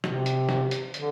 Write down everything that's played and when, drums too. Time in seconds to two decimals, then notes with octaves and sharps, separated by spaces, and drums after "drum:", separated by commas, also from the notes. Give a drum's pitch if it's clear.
0.04 C3, drum: snare
0.26 drum: hi-hat
0.49 drum: snare
0.71 drum: hi-hat
0.94 D3, drum: hi-hat